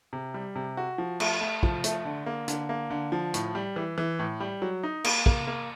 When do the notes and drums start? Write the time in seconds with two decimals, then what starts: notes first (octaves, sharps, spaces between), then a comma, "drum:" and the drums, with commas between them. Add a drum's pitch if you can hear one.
0.13 C3
0.34 G3
0.56 C3
0.77 F#4
0.98 F3
1.20 A3, drum: cymbal
1.41 A3
1.63 F3, drum: kick
1.84 A3, drum: hi-hat
2.05 D3
2.26 A#3
2.48 D3, drum: hi-hat
2.69 A#3
2.90 D3
3.12 F3
3.34 A2, drum: hi-hat
3.55 G3
3.76 E3
3.98 E3
4.19 A2
4.40 G3
4.62 F#3
4.83 D#4
5.04 A#3, drum: cymbal
5.26 A#3, drum: kick
5.47 A#3